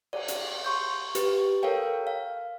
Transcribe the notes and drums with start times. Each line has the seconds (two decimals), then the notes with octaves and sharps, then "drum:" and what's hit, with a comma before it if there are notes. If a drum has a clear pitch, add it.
0.13 D5, drum: cymbal
0.28 drum: hi-hat
0.65 C6 C#6 G6
1.15 G4 B4, drum: hi-hat
1.63 A4 A#4 C#5 F5 G5
2.07 F5